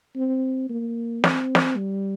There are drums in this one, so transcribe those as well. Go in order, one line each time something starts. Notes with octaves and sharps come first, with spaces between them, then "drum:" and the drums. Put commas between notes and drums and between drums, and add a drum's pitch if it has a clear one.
C4
A#3
C4, drum: snare
drum: snare
G3